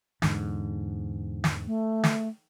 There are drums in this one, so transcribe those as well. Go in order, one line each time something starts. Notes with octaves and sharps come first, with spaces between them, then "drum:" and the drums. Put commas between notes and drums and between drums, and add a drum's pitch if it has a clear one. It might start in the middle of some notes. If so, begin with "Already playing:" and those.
E2 G#2 D3, drum: snare
drum: snare
A3
drum: snare